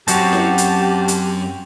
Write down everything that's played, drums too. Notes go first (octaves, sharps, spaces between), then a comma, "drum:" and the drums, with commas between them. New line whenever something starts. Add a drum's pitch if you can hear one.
F#2 F#3 C4 C#4 F#4 G4 A5, drum: hi-hat
drum: snare E4
drum: hi-hat
drum: hi-hat